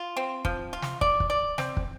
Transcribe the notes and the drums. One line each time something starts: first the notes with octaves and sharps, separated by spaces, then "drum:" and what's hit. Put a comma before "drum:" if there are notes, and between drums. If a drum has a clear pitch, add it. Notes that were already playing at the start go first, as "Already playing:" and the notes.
Already playing: F4
C4
F3, drum: kick
F4
drum: snare
D5, drum: kick
drum: kick
D5
C4, drum: snare
drum: kick